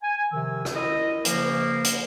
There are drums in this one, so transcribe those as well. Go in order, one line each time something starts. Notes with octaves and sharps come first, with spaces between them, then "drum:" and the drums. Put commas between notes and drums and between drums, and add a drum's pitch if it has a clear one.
G#5
C3 D#3 F3 E6
drum: rim click
E4 A#4 D#5
C#3 F3 A#3, drum: hi-hat
drum: hi-hat